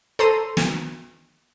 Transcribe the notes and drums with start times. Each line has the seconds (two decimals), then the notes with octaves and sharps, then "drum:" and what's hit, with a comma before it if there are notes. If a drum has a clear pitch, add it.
0.19 A4 C5 A#5 C6 D#7
0.57 drum: snare